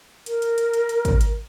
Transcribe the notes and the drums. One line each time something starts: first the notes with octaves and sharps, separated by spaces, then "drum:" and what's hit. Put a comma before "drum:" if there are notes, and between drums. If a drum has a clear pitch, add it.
A#4, drum: hi-hat
drum: hi-hat
drum: hi-hat
drum: hi-hat
drum: hi-hat
drum: kick, hi-hat
drum: hi-hat